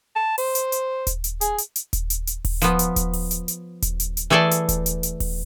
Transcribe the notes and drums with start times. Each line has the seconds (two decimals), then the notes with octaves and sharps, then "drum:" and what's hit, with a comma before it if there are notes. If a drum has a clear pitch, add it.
0.16 A5
0.38 C5, drum: open hi-hat
0.55 drum: hi-hat
0.72 drum: hi-hat
1.07 drum: kick D#1, hi-hat
1.24 drum: hi-hat
1.41 G#4, drum: hi-hat
1.58 drum: hi-hat
1.76 drum: hi-hat
1.93 drum: kick D#1, hi-hat
2.10 drum: hi-hat
2.27 drum: hi-hat
2.45 drum: kick D#1, open hi-hat
2.62 F3 B3, drum: hi-hat
2.79 drum: hi-hat
2.96 drum: kick D#1, hi-hat
3.13 drum: open hi-hat
3.31 drum: hi-hat
3.48 drum: hi-hat
3.82 drum: kick D#1, hi-hat
4.00 drum: hi-hat
4.17 drum: hi-hat
4.30 E3 A3 G#4 A4 D5 A5
4.51 drum: hi-hat
4.69 drum: kick D#1, hi-hat
4.86 drum: hi-hat
5.03 drum: hi-hat
5.20 drum: kick D#1, open hi-hat